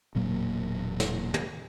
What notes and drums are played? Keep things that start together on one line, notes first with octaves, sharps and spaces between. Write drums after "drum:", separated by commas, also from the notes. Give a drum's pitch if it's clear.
E1 A#2 F#3 A#3
drum: snare
drum: tom